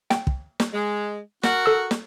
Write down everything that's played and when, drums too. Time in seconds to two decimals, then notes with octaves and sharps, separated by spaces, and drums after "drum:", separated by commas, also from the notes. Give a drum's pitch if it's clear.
0.10 G5, drum: snare
0.27 drum: kick
0.60 drum: snare
0.73 G#3
1.43 F#4 A#4 F#5, drum: snare
1.66 A4 E6
1.91 drum: snare